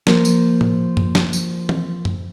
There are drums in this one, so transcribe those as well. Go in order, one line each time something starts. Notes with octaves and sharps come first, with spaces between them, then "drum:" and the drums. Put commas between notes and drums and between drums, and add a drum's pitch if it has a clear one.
F3 A#3, drum: snare
drum: tambourine
drum: tom A2
drum: tom F#2
drum: snare
drum: tambourine
drum: tom E3
drum: tom F#2